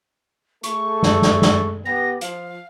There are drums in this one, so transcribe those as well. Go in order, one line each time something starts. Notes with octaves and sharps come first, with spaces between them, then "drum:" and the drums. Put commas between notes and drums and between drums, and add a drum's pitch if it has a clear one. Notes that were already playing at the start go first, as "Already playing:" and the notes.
A3 G#4 A4 C#6, drum: hi-hat
drum: snare
drum: snare
drum: snare
B3 G4 A#6
F3 F5, drum: hi-hat